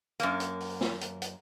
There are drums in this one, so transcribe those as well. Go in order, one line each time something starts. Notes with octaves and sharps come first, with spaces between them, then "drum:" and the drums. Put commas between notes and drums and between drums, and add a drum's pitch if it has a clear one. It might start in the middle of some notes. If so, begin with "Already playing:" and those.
F#2 A#3, drum: hi-hat
drum: hi-hat
drum: open hi-hat
drum: snare
drum: hi-hat
drum: hi-hat